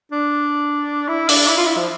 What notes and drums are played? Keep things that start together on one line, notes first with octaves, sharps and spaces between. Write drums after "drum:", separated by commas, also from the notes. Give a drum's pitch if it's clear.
D4
E4
D4, drum: open hi-hat
E4
F4
E4
F3